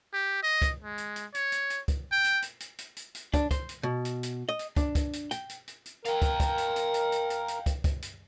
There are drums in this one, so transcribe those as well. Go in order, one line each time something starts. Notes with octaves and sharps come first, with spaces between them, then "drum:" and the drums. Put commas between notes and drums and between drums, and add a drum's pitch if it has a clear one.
G4
D#5
drum: kick, hi-hat
G#3
drum: hi-hat
drum: hi-hat
C#5, drum: hi-hat
drum: hi-hat
drum: hi-hat
drum: kick, hi-hat
G5
drum: hi-hat
drum: hi-hat
drum: hi-hat
drum: hi-hat
drum: hi-hat
drum: hi-hat
D4, drum: kick, hi-hat
C5, drum: kick, hi-hat
drum: hi-hat
B2
drum: hi-hat
drum: hi-hat
D#5
drum: hi-hat
D4, drum: kick, hi-hat
drum: kick, hi-hat
drum: hi-hat
G5, drum: hi-hat
drum: hi-hat
drum: hi-hat
drum: hi-hat
A#4 F5 G5, drum: hi-hat
drum: kick, hi-hat
drum: kick, hi-hat
drum: hi-hat
drum: hi-hat
drum: hi-hat
drum: hi-hat
drum: hi-hat
drum: hi-hat
drum: kick, hi-hat
drum: kick, hi-hat
drum: hi-hat